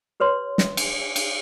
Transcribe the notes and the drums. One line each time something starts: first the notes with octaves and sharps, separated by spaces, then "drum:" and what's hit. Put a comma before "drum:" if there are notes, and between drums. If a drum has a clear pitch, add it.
G4 B4 C#5 C6
drum: snare
drum: cymbal
drum: cymbal